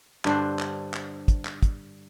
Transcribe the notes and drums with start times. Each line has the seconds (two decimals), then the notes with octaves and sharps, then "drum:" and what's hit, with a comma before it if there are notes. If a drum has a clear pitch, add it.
0.25 G2 D3 D4 C5, drum: clap
0.59 drum: clap
0.94 drum: clap
1.28 drum: kick, hi-hat
1.45 drum: clap
1.63 drum: kick, hi-hat